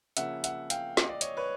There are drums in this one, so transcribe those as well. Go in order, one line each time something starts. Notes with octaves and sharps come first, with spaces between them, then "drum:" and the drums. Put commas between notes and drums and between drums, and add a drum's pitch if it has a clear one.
C#3 F3 A#3 C#4 E5 F#5, drum: hi-hat
E5 F#5, drum: hi-hat
F5 G5, drum: hi-hat
D#5, drum: snare
D5
C#5 D#5, drum: hi-hat
B4 C#5